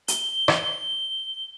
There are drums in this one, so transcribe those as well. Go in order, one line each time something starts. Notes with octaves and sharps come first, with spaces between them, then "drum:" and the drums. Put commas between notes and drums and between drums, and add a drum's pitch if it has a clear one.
G7, drum: hi-hat
drum: rim click